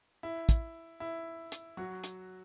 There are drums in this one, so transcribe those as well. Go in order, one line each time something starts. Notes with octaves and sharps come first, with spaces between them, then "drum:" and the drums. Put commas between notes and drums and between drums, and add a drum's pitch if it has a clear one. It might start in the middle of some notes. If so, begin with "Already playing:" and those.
E4
drum: kick, hi-hat
E4
drum: hi-hat
F#3 F#4
drum: hi-hat